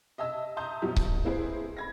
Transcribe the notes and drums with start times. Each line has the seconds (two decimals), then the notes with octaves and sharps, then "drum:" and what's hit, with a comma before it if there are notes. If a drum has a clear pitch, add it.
0.18 D#5 E5 A5 E6
0.57 E5 A5 A#5 C6 D#6 G6
0.82 F#2 B2 F3 G3
0.96 F#1, drum: kick C#1
1.25 A#3 C4 E4 G#4 B4 C5
1.77 B5 G#6 A#6